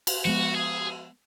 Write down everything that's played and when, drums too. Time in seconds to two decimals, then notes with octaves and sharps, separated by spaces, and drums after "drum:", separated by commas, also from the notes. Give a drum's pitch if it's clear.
0.07 drum: cymbal
0.25 F3 G#3 B3 F#4
0.54 G#4